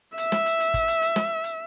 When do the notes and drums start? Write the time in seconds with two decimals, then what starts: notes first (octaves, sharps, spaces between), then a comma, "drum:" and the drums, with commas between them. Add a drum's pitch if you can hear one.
0.18 E5, drum: hi-hat
0.32 drum: snare
0.46 drum: hi-hat
0.60 drum: hi-hat
0.74 drum: kick, hi-hat
0.88 drum: hi-hat
1.02 drum: hi-hat
1.16 drum: snare
1.44 drum: hi-hat